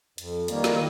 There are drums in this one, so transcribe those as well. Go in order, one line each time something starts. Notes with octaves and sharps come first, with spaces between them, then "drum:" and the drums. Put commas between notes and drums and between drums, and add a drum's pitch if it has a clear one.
F2, drum: hi-hat
D#3 G3 A#3, drum: hi-hat
drum: snare